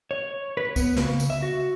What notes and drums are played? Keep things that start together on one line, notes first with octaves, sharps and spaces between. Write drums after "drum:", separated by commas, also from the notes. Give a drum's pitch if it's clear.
C#5
B4
B3, drum: kick, tambourine
C#3, drum: snare
drum: tambourine
E5
F#4